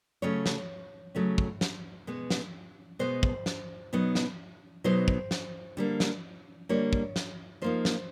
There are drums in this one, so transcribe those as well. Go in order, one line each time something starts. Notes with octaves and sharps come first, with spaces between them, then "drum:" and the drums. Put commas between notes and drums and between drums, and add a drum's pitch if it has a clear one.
C#3 F#3 A3 C#4 C#5
drum: snare
C#3 F#3 A3 C#4
drum: kick
drum: snare
B2 G#3 B3
drum: snare
B2 G#3 B3 C5
drum: kick
drum: snare
B2 F#3 B3 D#4
drum: snare
B2 F#3 B3 D#4 C5
drum: kick
drum: snare
D3 G3 A#3
drum: snare
D3 G3 A#3 C#5
drum: kick
drum: snare
F3 A#3 D#4 C5
drum: snare